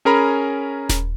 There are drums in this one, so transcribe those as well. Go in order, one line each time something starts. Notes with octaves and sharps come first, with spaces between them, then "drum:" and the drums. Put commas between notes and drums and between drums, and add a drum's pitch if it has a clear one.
C#4 G#4 A#4 G#5 A#5 B5
drum: snare D#1